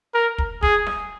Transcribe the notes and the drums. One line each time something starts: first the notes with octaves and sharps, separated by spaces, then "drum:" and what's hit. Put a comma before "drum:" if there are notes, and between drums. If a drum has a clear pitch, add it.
A#4
drum: kick
G#4, drum: kick
drum: snare